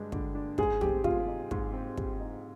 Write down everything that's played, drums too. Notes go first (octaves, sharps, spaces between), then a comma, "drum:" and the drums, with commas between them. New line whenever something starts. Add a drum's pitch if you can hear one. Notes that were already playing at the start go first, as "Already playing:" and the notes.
Already playing: G2 D3 G#3 D4
D3, drum: kick
D4
G#2 G#4, drum: kick
C4 G4, drum: tom
G3 F4, drum: kick
D#4
G#2, drum: kick
C4
G3, drum: kick
D#4